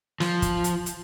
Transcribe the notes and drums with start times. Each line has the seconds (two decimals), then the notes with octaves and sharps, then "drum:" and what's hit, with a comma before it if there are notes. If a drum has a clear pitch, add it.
0.20 F3, drum: snare
0.42 drum: kick, hi-hat
0.64 drum: hi-hat
0.86 drum: hi-hat